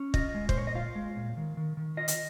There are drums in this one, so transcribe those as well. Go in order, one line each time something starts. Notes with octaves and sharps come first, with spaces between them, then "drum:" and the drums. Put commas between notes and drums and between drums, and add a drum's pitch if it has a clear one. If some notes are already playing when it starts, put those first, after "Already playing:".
Already playing: C#4
F4 D#5, drum: kick
G#3
C5, drum: kick
A#2 C#5
D#5
F4 F5
G#3
A#2
D#3
D#3
D#3
F4 D#5
drum: hi-hat